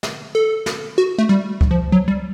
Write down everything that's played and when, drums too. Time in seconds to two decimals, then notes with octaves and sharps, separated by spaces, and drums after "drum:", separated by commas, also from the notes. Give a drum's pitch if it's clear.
0.03 drum: snare
0.35 A4
0.66 drum: snare
0.98 F#4
1.18 A3
1.29 G3
1.61 drum: kick C#2
1.71 F3
1.92 F#3
2.08 G3